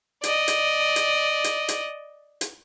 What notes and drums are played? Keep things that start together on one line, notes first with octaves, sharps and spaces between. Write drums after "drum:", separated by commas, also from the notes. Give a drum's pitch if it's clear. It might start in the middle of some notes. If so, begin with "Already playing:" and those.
D5 D#5, drum: hi-hat
drum: hi-hat
drum: hi-hat
drum: hi-hat
drum: hi-hat
drum: hi-hat